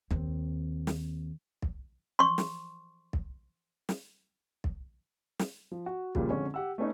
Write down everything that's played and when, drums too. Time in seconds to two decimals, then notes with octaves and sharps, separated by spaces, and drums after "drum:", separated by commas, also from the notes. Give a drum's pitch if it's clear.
0.11 D#2 C4, drum: kick
0.87 drum: snare
1.62 drum: kick
2.19 C6 C#6
2.38 drum: snare
3.13 drum: kick
3.89 drum: snare
4.64 drum: kick
5.39 drum: snare
5.71 F3
5.86 F#4
6.15 D#2 A#2 C#3 F3 G3 A#3, drum: kick
6.29 F2 D3 G#3 C#4
6.54 G4 F#5 E6
6.78 A3 B3 C#4 D#4